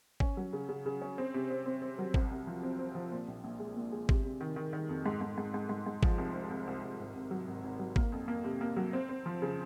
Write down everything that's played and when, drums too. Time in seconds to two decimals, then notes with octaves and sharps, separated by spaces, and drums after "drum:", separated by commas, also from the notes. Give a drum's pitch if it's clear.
0.20 C#4, drum: kick G#1
0.37 F#3
0.53 C#3
0.69 C#3
0.86 C#3
1.02 C#4
1.18 C4
1.34 C3
1.50 C4
1.66 C4
1.82 C4
1.99 F#3
2.14 C2, drum: kick G#1
2.31 C2
2.47 F3
2.63 C4
2.79 C4
2.95 F3
3.12 A#2
3.28 A#1
3.44 A#1
3.60 G#3
3.77 A#2
3.92 G#3
4.09 C3, drum: kick G#1
4.24 C3
4.41 D#3
4.56 D#3
4.73 D#3
4.89 F2
5.06 G#2
5.21 G#2
5.38 G#2
5.54 G#2
5.69 G#2
5.86 G#2
6.03 F3, drum: kick G#1
6.18 C2
6.34 C4
6.51 C2
6.67 C2
6.83 C2
6.99 G#1
7.15 G#1
7.31 F#3
7.47 G#1
7.64 G#1
7.79 F#3
7.96 A#3, drum: kick G#1
8.12 F2
8.28 A#3
8.44 C3
8.61 A#3
8.77 F#3
8.93 C4
9.09 C4
9.26 F3
9.42 C#3